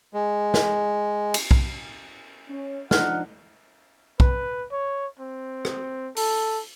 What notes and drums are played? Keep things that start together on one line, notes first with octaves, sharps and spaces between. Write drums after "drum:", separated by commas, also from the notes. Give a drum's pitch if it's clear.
G#3
drum: snare
drum: cymbal
drum: kick B1
C#4
F3 D4 D#4 F#5 F6, drum: snare
B4, drum: kick B1
C#5
C4
drum: rim click
A4, drum: open hi-hat